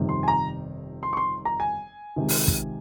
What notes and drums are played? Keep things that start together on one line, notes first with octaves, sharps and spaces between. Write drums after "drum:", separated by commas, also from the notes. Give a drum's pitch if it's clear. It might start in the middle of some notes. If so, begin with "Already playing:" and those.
Already playing: G1 F2 C3 D#3
C6
G#5
A#5
C6
C#6
C6
A#5
G#5
C#2 C3 D#3
drum: open hi-hat
drum: kick